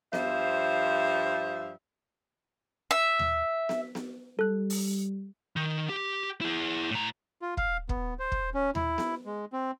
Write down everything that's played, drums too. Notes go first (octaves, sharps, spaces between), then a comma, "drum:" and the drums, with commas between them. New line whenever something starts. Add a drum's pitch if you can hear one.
G2 F3 C5 E5 F5, drum: snare B3
E5
drum: tom D#2
drum: snare B3
drum: snare B3
G3 A4 F#6
drum: open hi-hat
D#3
G4
E4 G#4
A2 A#5
F4
F5, drum: kick
B3, drum: kick
C5
drum: kick
C#4
E4, drum: tom D#2
drum: snare B3
G#3
C4